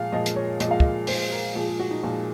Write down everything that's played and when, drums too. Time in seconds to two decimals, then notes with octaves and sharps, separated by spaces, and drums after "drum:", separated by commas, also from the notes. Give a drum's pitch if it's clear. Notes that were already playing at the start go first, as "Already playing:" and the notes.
Already playing: A#2 F3 G#3 F5
0.12 A#2 F3 G#3 D#5
0.26 drum: hi-hat
0.36 C#5
0.60 A#2 F3 G#3 D#5, drum: hi-hat
0.71 F5
0.80 D#5, drum: kick
1.07 A#2 F3 G#3 C5, drum: open hi-hat
1.31 A#4
1.55 A#2 F3 G#3 G#4
1.67 G#4
1.80 F#4
1.91 D#4
2.03 A#2 F3 G#3